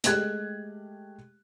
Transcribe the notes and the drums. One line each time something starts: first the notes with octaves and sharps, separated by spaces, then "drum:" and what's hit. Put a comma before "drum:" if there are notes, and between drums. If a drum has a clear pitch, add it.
G#3 A3 G4 F#6 G#6, drum: hi-hat